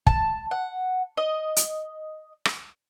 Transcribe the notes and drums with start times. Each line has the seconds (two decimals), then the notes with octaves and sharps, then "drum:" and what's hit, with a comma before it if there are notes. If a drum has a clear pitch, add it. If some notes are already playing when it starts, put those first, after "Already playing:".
0.07 A5, drum: kick
0.51 F#5
1.17 D#5
1.56 drum: hi-hat
2.45 drum: rim click